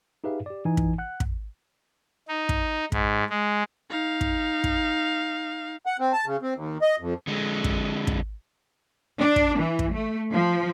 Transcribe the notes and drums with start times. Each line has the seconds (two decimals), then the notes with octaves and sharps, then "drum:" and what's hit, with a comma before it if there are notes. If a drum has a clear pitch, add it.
0.24 D#4 G4 G#4 B4 E5 F5
0.46 G4 D5
0.65 E3 D#4 G#5
0.77 drum: kick
0.98 F#5 F#6
1.20 drum: kick
2.28 D#4
2.49 drum: kick
2.92 G#2, drum: kick
3.30 G#3
3.91 D#4 F5
4.21 drum: kick
4.64 drum: kick
5.86 F#5
6.00 C4
6.13 A5
6.26 C#3
6.42 C4
6.55 D#2
6.82 D#5
7.00 F2
7.27 D3 G#3
7.64 drum: kick
8.07 drum: kick
9.19 D4
9.36 drum: kick
9.58 E3
9.79 drum: kick
9.93 A3
10.32 F3